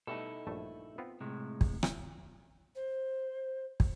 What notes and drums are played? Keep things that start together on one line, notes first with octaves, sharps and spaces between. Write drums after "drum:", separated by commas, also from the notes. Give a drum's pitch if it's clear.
B2 G3 A3 D#4 E4 A4
A#1 G2 A3
B3 C4 F4
A2 C3 G#3
drum: kick
drum: rim click
C5
drum: kick